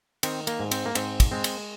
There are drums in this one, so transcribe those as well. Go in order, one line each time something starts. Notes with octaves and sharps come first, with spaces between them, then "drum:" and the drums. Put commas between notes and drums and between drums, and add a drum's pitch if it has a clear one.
D#3 C4, drum: cymbal
A#3, drum: cymbal
G#2
C4, drum: cymbal
A#3
G#2 C4, drum: cymbal
drum: kick, cymbal
G#3 C4
drum: cymbal